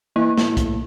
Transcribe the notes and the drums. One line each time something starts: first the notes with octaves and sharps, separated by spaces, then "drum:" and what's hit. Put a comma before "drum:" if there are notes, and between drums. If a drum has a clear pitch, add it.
E3 A#3
A2, drum: snare
drum: kick, hi-hat